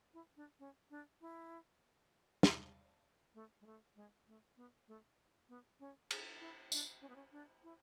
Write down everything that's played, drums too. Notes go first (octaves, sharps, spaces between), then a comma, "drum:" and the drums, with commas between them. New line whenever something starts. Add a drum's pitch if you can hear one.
E4
D4
C#4
D4
E4
E4, drum: snare
A3
G#3
A3
G#3
A3
B3
A3
B3
C#4
G#4, drum: cymbal
E4
D4, drum: tambourine
C#4
B3
C#4
D4
E4